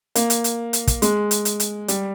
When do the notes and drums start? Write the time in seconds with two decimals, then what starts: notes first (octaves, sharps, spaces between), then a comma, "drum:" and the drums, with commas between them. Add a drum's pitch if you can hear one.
0.15 A#3, drum: hi-hat
0.30 drum: hi-hat
0.44 drum: hi-hat
0.73 drum: hi-hat
0.87 drum: kick, hi-hat
1.02 G#3, drum: hi-hat
1.31 drum: hi-hat
1.45 drum: hi-hat
1.60 drum: hi-hat
1.88 G3, drum: hi-hat